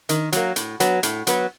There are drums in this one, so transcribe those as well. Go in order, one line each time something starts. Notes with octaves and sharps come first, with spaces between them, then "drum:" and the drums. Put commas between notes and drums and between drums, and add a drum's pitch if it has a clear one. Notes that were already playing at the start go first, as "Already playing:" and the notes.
D#3, drum: hi-hat
F#3 A#3, drum: hi-hat
A2, drum: hi-hat
F#3 B3, drum: hi-hat
A2, drum: hi-hat
F#3 B3, drum: hi-hat